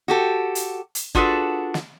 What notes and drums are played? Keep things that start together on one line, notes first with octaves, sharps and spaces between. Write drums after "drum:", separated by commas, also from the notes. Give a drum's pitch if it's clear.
F#4 G4 A4
drum: hi-hat
drum: hi-hat
D4 F4 F#4 G#4 A4 B4, drum: kick
drum: snare